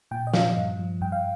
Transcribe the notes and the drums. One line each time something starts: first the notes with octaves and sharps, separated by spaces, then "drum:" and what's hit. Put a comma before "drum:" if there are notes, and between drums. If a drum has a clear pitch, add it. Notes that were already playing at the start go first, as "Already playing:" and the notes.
A#2 G5
D#5
F3 F5, drum: snare
G2
F3
G2 G5
F5